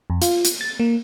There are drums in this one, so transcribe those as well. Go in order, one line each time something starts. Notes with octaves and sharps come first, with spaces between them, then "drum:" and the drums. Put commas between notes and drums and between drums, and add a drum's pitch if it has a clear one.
F2
F4, drum: hi-hat
drum: hi-hat
A6
A#3